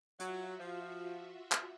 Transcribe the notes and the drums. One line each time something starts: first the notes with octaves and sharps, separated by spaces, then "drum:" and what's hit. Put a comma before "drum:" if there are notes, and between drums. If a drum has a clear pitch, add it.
F#3 F4 F#4 E5, drum: hi-hat
F3
drum: clap